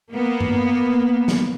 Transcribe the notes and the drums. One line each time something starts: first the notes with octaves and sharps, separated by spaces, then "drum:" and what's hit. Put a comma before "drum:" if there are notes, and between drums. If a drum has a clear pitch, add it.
A#3 B3
drum: tom G2
drum: snare